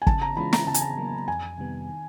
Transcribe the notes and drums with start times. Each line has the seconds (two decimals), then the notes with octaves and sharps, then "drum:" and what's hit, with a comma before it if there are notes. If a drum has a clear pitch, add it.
0.02 G#5
0.07 C#3 A5, drum: kick
0.22 A#5
0.36 E3 G#3 C#4 F4 B5
0.53 A#5, drum: snare
0.67 C#3 A5
0.74 G#5, drum: hi-hat
0.81 A5
0.98 F#3 A#3
1.28 F2 G#5
1.58 C3 D#3 G3 B3
1.89 D#3